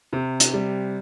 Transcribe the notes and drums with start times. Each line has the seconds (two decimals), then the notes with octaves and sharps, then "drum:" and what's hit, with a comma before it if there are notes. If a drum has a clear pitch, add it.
0.13 C3
0.40 drum: hi-hat
0.54 G3